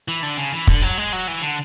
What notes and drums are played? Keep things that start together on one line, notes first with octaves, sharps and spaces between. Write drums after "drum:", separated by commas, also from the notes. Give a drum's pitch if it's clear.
E3
D3
C#3
E3
D3, drum: kick
F#3
G#3
F#3
E3
D3